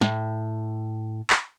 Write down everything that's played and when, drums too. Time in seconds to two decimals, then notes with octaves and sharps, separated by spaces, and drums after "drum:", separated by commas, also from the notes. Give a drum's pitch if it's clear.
0.01 A2, drum: snare
1.30 drum: clap